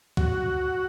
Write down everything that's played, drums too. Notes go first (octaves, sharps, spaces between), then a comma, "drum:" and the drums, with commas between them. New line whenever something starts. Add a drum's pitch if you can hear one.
F#4, drum: kick